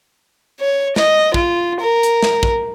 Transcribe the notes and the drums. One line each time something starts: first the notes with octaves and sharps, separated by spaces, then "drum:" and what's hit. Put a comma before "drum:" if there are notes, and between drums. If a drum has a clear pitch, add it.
C#5
D#5, drum: snare
F4, drum: kick
A#4
drum: hi-hat
drum: snare
drum: kick